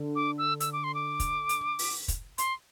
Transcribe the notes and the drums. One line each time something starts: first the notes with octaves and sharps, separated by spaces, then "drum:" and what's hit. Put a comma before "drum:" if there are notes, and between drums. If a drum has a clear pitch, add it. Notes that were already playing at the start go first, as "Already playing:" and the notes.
Already playing: D3
D6
E6
E6, drum: hi-hat
D6
C6
D6
drum: kick, hi-hat
drum: hi-hat
drum: open hi-hat
drum: kick, hi-hat
C6, drum: hi-hat